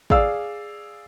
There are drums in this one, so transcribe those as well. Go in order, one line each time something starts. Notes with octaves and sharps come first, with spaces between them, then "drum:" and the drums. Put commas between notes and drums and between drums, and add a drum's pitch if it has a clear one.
G#4 D5 F5 E6, drum: kick